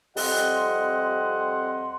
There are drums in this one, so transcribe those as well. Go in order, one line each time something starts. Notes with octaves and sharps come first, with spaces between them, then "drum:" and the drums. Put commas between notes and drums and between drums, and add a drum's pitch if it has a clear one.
F2 G3 C4 D#5 F#5 C6, drum: open hi-hat